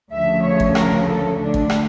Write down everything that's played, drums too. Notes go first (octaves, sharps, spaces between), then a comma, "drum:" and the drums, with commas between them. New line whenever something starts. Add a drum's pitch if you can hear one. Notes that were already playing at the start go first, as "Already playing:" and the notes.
D2 C#3 F3 A3 E5
C#5
drum: kick
A#4, drum: rim click
A4
D2 D3 A3 D4
drum: kick
drum: rim click